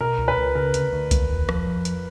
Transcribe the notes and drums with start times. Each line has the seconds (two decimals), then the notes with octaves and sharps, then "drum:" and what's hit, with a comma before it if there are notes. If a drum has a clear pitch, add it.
0.01 B2 A#4
0.18 C#2
0.28 B4
0.37 C#2
0.55 C#3 A#4
0.74 D2, drum: hi-hat
0.93 D2
1.11 D#2, drum: kick C2, hi-hat
1.30 E1
1.49 F3, drum: rim click
1.67 F2
1.85 drum: hi-hat